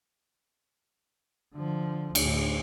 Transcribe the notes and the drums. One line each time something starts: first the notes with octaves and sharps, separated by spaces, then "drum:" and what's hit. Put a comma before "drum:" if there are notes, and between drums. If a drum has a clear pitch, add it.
D3 F3
D2 A2, drum: cymbal